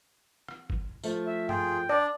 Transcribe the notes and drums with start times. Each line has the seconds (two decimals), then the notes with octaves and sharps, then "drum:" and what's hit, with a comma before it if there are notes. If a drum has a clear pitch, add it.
0.48 drum: rim click
0.70 drum: kick
1.04 F3 A3, drum: tambourine
1.27 E5
1.49 F4 G#4 G5, drum: tom G2
1.89 D4 D5